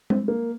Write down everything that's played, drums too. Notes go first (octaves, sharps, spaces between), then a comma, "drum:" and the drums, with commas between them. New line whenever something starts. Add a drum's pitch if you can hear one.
C4, drum: tom G#3
A#3